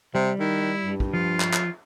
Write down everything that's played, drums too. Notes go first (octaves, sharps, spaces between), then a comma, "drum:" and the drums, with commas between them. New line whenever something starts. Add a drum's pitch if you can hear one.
C3 G3
D#3 E4
G2
drum: kick
F3 F4
drum: clap
drum: clap